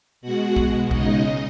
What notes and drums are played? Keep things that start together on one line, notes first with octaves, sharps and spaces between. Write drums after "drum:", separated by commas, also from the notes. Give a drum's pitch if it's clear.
B2 G#3 F#4 F#5
B2 G#3, drum: kick
C#3 G#3 D#4 D#5, drum: kick